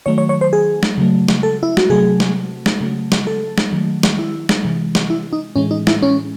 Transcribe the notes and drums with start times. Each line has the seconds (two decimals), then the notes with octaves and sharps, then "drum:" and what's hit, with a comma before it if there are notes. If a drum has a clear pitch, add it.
0.06 D#3 F#3 A3 C#5
0.18 C#5
0.29 C#5
0.41 C5
0.53 G#4
0.83 drum: snare
0.98 C#3 F#3 A3
1.28 drum: snare
1.43 A4
1.63 E4
1.77 F#4, drum: snare
1.90 C3 F#3 A3 G#4
2.20 drum: snare
2.66 drum: snare
2.81 C#3 F#3 A3
3.12 drum: snare
3.27 A4
3.58 drum: snare
3.73 D#3 F#3 A3
4.03 drum: snare
4.19 E4
4.49 drum: snare
4.65 C3 E3 G#3
4.95 drum: snare
5.10 E4
5.33 D#4
5.56 A2 E3 G#3 C#4
5.71 D#4
5.87 E4, drum: snare
6.03 C#4